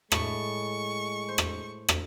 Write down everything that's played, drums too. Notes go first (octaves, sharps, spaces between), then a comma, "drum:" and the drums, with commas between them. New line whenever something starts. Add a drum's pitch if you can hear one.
A2 G#3 C#6, drum: rim click
C5
drum: rim click
drum: rim click